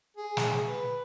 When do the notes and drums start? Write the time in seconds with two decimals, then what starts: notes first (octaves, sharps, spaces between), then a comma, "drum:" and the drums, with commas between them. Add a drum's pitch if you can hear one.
0.17 G#4
0.37 drum: snare
0.68 B4